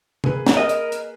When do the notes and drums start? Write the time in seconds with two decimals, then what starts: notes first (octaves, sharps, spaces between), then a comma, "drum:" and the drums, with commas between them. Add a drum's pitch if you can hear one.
0.24 A#3 G#4 B4, drum: tom
0.47 drum: snare
0.57 A#4 D#5
0.69 drum: hi-hat
0.92 drum: hi-hat